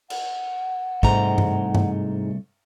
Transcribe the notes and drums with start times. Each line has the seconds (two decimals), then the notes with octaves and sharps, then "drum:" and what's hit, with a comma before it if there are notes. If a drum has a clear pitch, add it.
0.10 F#5, drum: cymbal
1.03 C2 G#2 G#3 A3 A#5, drum: kick
1.38 drum: tom G2
1.75 drum: tom G2